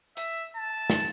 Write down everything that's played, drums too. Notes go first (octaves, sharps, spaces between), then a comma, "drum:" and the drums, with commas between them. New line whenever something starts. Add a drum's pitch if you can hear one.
E5, drum: hi-hat
A5
drum: snare